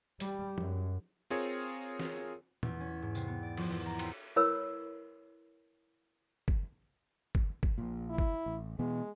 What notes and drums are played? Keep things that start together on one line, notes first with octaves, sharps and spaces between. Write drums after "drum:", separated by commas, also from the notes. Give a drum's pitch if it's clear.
G3, drum: hi-hat
F#2, drum: tom
C4 F4 G#4 A#4 C#5
drum: snare
E2, drum: tom
C#4
G#2
C3, drum: tambourine
B3
D5
F3, drum: cymbal
E2
A#5
C4, drum: cymbal
E4 A#4 B4 C#5 B5 E6
drum: kick
drum: kick
drum: kick
A#1 A#2
E4
drum: kick
A1
B2 E3 G#3 B3